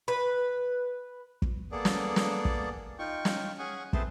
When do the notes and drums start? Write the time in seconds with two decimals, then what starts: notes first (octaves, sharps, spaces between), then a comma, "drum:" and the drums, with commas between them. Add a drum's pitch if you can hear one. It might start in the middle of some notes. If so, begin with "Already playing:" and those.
0.08 B4
1.42 drum: kick
1.72 A#3 B3 G#4 A4 D5
1.85 drum: snare
2.16 drum: snare
2.45 drum: kick
2.99 D#4 F4 G5 C#6
3.25 drum: snare
3.59 C#4 G#4 F#5 G#5 C#6
3.93 A3 C4 G#4 B4 C5 A5, drum: kick